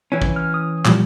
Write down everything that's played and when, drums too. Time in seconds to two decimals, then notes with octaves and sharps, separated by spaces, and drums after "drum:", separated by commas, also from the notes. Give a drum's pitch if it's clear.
0.12 E3 C#4
0.22 drum: kick
0.36 F6
0.54 D#6
0.85 A#2 F3 G3, drum: clap